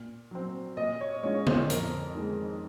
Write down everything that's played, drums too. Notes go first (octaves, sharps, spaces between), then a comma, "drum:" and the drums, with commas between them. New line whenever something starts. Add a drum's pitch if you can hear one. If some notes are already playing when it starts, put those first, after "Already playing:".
Already playing: A#2
F#3 C4
A#2 D#5
C#5
G#3 C#4 F4 C#5
C5, drum: tom D3
F2 A#4, drum: hi-hat
D#3 G#3